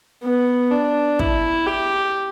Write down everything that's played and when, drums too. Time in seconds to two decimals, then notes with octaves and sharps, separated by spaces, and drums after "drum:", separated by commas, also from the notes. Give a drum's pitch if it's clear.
0.23 B3
0.71 D4
1.19 E4, drum: kick
1.67 G4